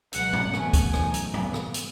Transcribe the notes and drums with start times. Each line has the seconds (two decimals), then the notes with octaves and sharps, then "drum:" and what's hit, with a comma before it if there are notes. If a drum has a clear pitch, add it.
0.13 C#2 B2 F#3 F#5, drum: hi-hat
0.33 drum: tom G#2
0.53 E2 B2 A3 C#4 G#5, drum: rim click
0.73 drum: kick, hi-hat
0.94 E2 C#3 F#3 A3 D#4, drum: rim click
1.14 drum: hi-hat
1.34 C#3 E3 B3, drum: tom G#2
1.54 drum: rim click
1.74 drum: hi-hat